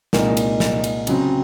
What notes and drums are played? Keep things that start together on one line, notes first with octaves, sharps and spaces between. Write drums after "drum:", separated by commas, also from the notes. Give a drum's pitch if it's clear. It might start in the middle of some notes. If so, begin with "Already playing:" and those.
C2 A#2 G#3 D#4 A#4, drum: snare
drum: cymbal
drum: snare
drum: cymbal
C#3 F#3 C4, drum: cymbal